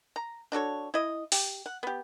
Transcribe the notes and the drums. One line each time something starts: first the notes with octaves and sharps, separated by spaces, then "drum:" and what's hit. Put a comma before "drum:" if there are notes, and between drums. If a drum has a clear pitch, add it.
A#5
D4 F#4 A4 C#5
E4 D#5
G4, drum: open hi-hat
F#5
B3 G4